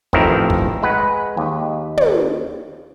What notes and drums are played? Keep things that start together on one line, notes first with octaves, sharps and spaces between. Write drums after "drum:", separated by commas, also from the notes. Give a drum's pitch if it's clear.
A1 F2 D#3 C4 E4 A#4, drum: kick
drum: kick
G#3 B4 F#5
D#2
drum: tom